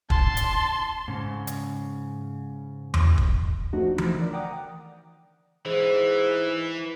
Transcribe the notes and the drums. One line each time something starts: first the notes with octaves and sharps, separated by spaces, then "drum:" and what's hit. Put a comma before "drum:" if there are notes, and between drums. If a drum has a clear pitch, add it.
A5 C6, drum: kick
drum: hi-hat
G#2 C#3
drum: hi-hat
drum: tom E2
drum: kick
F3 A3 D4 D#4 F#4
F3 A3, drum: tom E3
A#4 D5
F#5 G5 A#5 D6 D#6
G#2 E3